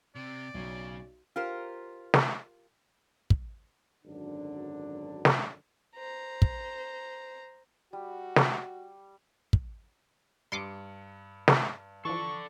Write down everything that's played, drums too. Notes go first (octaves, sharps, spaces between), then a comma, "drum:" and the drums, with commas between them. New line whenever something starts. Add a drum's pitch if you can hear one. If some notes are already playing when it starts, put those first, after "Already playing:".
C3 D5
B1 C#3
F4 G4 A#4 C5
drum: snare
drum: kick
G#1 F#2 D3 F#3 D4
drum: snare
C5 A#5
drum: kick
G3 F#4
drum: snare
drum: kick
G2 C6 D6 D#6 C#7
drum: snare
E3 F3 A4 D5 C#6